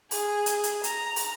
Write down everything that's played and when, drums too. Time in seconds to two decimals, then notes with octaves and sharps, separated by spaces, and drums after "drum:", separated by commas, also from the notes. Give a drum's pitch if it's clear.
0.11 G#4, drum: open hi-hat
0.46 drum: hi-hat
0.64 drum: hi-hat
0.84 A#5, drum: hi-hat
1.16 drum: open hi-hat